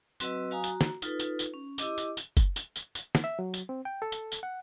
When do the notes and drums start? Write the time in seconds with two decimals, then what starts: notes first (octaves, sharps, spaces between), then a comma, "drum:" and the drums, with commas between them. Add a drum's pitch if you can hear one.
0.20 F#3 C4 F#4 B4 D#5 E6, drum: tambourine
0.50 F#3 F#4 F5 G#5 A#5 D#6
0.64 F#4 A#5, drum: tambourine
0.81 drum: snare
1.02 D#4 F4 A4 B4, drum: tambourine
1.20 drum: tambourine
1.39 drum: tambourine
1.54 C#4
1.78 E4 G4 D#5 D6, drum: tambourine
1.98 drum: tambourine
2.17 drum: tambourine
2.37 drum: kick F#1, tambourine
2.56 drum: tambourine
2.76 drum: tambourine
2.95 drum: tambourine
3.15 drum: snare
3.24 E5
3.39 F#3
3.54 drum: tambourine
3.69 C4
3.85 G5
4.02 A4
4.12 drum: tambourine
4.32 drum: tambourine
4.43 F#5